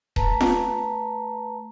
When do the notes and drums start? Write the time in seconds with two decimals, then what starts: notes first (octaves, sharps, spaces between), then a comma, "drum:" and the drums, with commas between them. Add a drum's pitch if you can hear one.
0.16 A3 B4 A5 A#5, drum: kick D#1
0.41 drum: snare